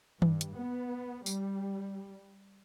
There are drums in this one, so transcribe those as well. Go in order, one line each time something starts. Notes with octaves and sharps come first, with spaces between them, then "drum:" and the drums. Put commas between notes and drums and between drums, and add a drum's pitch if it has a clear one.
G2, drum: tom D#3
drum: hi-hat
B3
G3, drum: tambourine